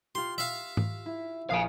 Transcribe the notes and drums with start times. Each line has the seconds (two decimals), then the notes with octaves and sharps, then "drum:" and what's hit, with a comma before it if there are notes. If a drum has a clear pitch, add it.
0.15 F4 G4 C6
0.38 E5 F5
0.77 drum: tom G#2
1.06 E4
1.51 A#1 F5 G#5 D#6